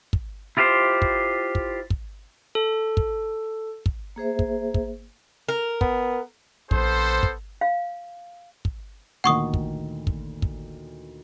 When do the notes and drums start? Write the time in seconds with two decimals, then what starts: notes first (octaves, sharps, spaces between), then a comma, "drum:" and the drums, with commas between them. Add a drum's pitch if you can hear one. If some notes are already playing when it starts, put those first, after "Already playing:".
0.13 drum: kick
0.57 E4 F4 G4 B4 C5
1.02 drum: kick
1.55 drum: kick
1.90 drum: kick
2.55 A4
2.97 drum: kick
3.86 drum: kick
4.16 A#3 G#4 C5 E5
4.39 drum: kick
4.74 drum: kick
5.49 A#4
5.81 B3, drum: kick
6.71 A#1 B3 A4 C5, drum: kick
7.23 drum: kick
7.61 F5
8.65 drum: kick
9.24 D2 A#2 D#3 F#5 C#6 D#6
9.54 drum: kick
10.07 drum: kick
10.42 drum: kick